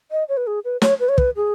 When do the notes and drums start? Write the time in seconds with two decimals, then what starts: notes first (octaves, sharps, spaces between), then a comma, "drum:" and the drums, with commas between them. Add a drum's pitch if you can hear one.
0.11 D#5
0.29 C#5
0.37 B4
0.47 G#4
0.65 B4
0.82 C#5, drum: snare
1.00 B4
1.09 C#5
1.18 B4, drum: kick
1.36 G#4